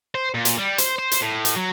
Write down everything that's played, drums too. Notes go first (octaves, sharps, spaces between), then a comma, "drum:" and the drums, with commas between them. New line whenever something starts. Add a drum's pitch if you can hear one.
C5
A#2
drum: hi-hat
G3
C5, drum: hi-hat
C5
drum: hi-hat
A2
drum: hi-hat
F#3